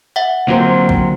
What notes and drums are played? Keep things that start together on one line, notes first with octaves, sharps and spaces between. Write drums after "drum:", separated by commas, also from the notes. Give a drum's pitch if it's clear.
E5 F#5
D3 F#3 A#3 C4 F4 C5
drum: kick A1